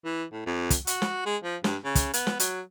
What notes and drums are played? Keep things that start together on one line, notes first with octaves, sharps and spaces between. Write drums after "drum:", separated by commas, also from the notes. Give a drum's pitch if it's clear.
E3
A2
F2
drum: kick, hi-hat
F#4, drum: hi-hat
drum: snare
G#3
F3
G2, drum: snare
C#3
drum: kick, hi-hat
B3, drum: hi-hat
drum: snare
F#3, drum: hi-hat